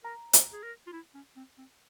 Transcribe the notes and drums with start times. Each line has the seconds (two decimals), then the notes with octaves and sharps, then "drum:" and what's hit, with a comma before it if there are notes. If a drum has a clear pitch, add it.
0.04 A#4 A#5
0.33 C5, drum: hi-hat
0.53 G#4
0.63 A#4
0.87 F4
0.93 E4
1.14 C#4
1.36 C4
1.58 C4